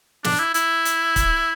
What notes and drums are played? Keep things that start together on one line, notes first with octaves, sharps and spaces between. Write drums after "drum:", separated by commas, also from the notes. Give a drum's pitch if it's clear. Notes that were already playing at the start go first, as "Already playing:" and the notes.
D4, drum: snare
E4
E4, drum: hi-hat
drum: hi-hat
drum: kick, hi-hat